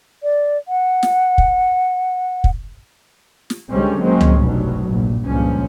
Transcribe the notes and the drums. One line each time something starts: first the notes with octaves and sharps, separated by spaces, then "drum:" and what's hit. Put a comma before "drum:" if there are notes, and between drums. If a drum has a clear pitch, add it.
D5
F#5
drum: snare
drum: kick
drum: kick
drum: snare
C#2 D3 G3 G#3 C4 C#4
F#3 G#3 A#3 C4 C#4
drum: tom C#2
F1 B1 G2 B2 F#3
A#1 A#2
C#2 G2 A#2 F3 C#4